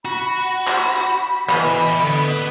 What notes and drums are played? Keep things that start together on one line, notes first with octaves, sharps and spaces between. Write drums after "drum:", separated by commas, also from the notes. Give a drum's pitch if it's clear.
F#4 B5
drum: clap
drum: hi-hat
E3 B3 D#5, drum: clap
D3